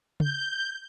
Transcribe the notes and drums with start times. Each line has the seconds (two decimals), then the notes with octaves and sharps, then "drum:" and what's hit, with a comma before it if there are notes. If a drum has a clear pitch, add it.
0.20 G6, drum: tom C#3